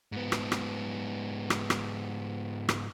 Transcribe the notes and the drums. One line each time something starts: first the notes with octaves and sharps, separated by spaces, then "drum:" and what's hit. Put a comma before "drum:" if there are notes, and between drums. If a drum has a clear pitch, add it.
G#2 B3
drum: rim click
drum: rim click
drum: rim click
drum: rim click
drum: rim click